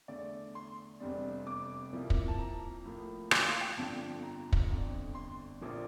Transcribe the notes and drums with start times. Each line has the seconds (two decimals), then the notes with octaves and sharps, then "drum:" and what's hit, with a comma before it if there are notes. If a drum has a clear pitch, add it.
0.08 E2 D3 A3 D5
0.55 C6
1.00 F1 E2 C3 G3 D4
1.47 D6
1.93 C2 C3 F3 A#3 E4
2.10 drum: kick
2.28 A5
2.39 A#5
2.85 A2 F3 A#3
3.31 G5, drum: rim click
3.46 F5
3.61 G5
3.77 G1 F2 D3 F3 A5
4.23 A#5
4.53 drum: kick
4.69 G1 F2 D3
5.15 C6
5.61 A#1 A#2 F3 A#3 D4